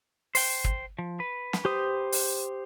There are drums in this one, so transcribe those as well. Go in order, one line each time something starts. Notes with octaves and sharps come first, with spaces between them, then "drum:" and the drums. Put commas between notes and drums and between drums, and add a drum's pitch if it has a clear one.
C5 G5, drum: open hi-hat
drum: kick
F3
B4
drum: snare
G4 C5 D#6
drum: open hi-hat